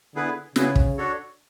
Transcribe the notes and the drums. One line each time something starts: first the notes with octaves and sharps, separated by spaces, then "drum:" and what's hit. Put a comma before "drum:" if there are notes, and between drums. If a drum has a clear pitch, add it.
D3 B3 E4 G#4 B4
C#3 B3 E4 G#4 B4, drum: snare
drum: kick
D4 F#4 A4 C#5